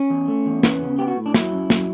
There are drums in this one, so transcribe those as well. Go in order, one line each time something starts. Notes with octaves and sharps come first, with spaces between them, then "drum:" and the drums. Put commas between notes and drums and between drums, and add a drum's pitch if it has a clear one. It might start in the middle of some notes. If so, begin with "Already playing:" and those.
Already playing: C#4
E2
A3
E2
B3, drum: snare
C#3
B3 G4
F#4
A2
D4
F#3 E4, drum: snare
F#2
F#3, drum: snare